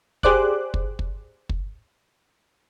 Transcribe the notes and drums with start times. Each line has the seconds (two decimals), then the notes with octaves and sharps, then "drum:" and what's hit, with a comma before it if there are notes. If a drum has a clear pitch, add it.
0.23 G4 G#4 C5 D5 D6 F#6, drum: kick
0.74 drum: kick
0.99 drum: kick
1.49 drum: kick